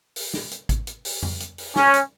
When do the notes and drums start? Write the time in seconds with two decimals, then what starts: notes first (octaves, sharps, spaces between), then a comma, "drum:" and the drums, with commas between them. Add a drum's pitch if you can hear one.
0.16 drum: open hi-hat
0.34 drum: snare
0.51 drum: hi-hat
0.69 drum: kick G#1, hi-hat
0.87 drum: hi-hat
1.05 drum: open hi-hat
1.23 drum: tom F2
1.40 drum: hi-hat
1.58 drum: open hi-hat
1.76 C#4, drum: snare
1.94 drum: hi-hat